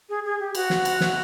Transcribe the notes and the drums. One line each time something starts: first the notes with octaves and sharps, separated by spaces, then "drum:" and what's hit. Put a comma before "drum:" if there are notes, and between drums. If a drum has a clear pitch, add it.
G#4
G#4
G4
F#4, drum: cymbal
drum: snare
drum: cymbal
drum: snare